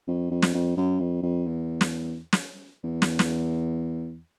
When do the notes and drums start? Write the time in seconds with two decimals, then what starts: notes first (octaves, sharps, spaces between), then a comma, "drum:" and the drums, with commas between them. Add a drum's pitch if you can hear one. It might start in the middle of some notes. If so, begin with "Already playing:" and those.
0.08 F2
0.31 F2
0.42 drum: snare
0.54 F2
0.77 F#2
1.00 F2
1.23 F2
1.46 E2
1.81 drum: snare
2.33 drum: snare
2.84 E2
3.02 drum: snare
3.19 drum: snare